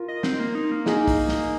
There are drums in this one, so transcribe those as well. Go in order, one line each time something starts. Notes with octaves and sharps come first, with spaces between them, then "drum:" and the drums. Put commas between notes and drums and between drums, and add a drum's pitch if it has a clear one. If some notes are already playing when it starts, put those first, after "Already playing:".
Already playing: F4 A#4
D#5
C4, drum: snare
A#3
D#4
A#3
A#3 D#4 G#4, drum: snare
drum: kick, open hi-hat
drum: snare